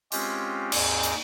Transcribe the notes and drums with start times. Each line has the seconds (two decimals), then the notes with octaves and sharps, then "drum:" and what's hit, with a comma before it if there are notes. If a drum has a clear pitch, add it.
0.12 G#3 C4 C#4 F4 G4, drum: hi-hat
0.72 D#2 G#2 C4 G#4, drum: cymbal
1.03 drum: hi-hat